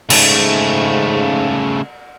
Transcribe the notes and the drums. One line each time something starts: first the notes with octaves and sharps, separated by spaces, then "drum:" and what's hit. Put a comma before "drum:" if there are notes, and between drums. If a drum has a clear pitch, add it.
G#2 C#3 A3, drum: cymbal